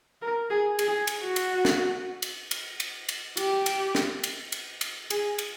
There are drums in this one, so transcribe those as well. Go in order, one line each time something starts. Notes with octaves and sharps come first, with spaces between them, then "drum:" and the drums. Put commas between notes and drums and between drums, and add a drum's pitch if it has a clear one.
A#4
G#4
G#4, drum: cymbal
drum: cymbal
F#4
drum: cymbal
drum: snare
drum: cymbal
drum: cymbal
drum: cymbal
drum: cymbal
G4, drum: cymbal
drum: cymbal
drum: snare
drum: cymbal
drum: cymbal
drum: cymbal
G#4, drum: cymbal
drum: cymbal